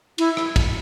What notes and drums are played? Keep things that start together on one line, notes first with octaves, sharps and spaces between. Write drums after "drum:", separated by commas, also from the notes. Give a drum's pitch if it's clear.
E4, drum: cymbal
drum: rim click
drum: kick, cymbal